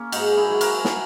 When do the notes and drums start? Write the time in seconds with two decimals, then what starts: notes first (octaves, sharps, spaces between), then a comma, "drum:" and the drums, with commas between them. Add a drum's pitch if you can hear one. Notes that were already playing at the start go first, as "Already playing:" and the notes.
Already playing: A#3 C#4
0.12 G#2 D#4 F#4, drum: cymbal
0.37 E4 G#4
0.49 F#3
0.61 F#4 A#4, drum: cymbal
0.85 F#3, drum: snare